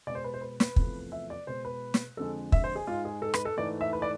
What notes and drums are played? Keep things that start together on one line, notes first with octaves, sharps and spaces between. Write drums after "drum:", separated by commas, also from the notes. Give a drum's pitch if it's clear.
B2 G#3 D5
C5
B4
C5
B4
B4, drum: snare
E2 C3 F3 A3, drum: kick
E5
D5
B2 G#3 C5
B4
drum: snare
F2 D3 G#3 A4
E5, drum: kick
C5
G#4
G#2 G#3 F4
G#4
A4
B4, drum: rim click
A4
G#2 E3 A3 D5
E5
B4
D5